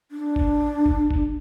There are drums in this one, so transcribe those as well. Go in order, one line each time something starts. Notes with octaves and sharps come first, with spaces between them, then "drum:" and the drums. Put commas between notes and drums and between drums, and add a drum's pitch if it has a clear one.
D4
drum: kick F#1
drum: kick F#1
drum: kick F#1